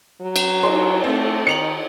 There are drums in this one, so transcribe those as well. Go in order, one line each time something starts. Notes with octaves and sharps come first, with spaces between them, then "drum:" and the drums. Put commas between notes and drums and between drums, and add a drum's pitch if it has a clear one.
F#3
drum: cymbal
C6, drum: cymbal
A3 C4
D#3 C#7 F7 F#7